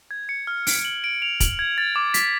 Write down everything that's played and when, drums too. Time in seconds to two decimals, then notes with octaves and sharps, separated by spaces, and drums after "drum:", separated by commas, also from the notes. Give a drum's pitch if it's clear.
0.11 G#6
0.29 C#7
0.47 F6
0.67 D7, drum: open hi-hat
0.85 F#7
1.04 D7
1.22 F7
1.40 F#7, drum: kick, hi-hat
1.59 G#6
1.78 A6
1.96 D6
2.14 B6, drum: hi-hat